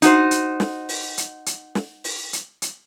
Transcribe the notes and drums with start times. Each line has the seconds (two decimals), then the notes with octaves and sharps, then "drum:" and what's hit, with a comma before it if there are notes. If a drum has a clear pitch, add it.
0.02 D#4 F#4 C5, drum: hi-hat
0.31 drum: hi-hat
0.60 drum: snare
0.89 drum: open hi-hat
1.18 drum: hi-hat
1.46 drum: hi-hat
1.75 drum: snare
2.04 drum: open hi-hat
2.33 drum: hi-hat
2.62 drum: hi-hat